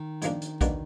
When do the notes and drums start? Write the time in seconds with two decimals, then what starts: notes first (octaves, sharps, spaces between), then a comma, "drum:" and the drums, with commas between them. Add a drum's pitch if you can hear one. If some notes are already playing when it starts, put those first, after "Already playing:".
Already playing: D#3
0.22 G#2 F3 A#3 D4, drum: hi-hat
0.42 drum: hi-hat
0.61 B2 A#3 D4 F#4, drum: kick A#1, hi-hat